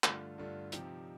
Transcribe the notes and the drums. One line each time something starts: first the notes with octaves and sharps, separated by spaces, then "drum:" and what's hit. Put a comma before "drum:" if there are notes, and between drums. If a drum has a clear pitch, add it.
G2 D3 A3 D4 F4, drum: clap
G2 D3 A3 D4 F4
C3 F3 C4 D#4 G4, drum: hi-hat